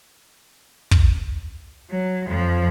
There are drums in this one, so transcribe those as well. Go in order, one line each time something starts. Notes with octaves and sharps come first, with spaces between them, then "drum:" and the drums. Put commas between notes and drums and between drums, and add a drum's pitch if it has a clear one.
drum: kick
F#3
F2 F3